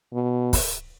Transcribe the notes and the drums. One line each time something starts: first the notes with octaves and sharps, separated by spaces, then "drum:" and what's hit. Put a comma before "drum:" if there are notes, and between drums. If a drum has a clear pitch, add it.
B2
drum: kick, open hi-hat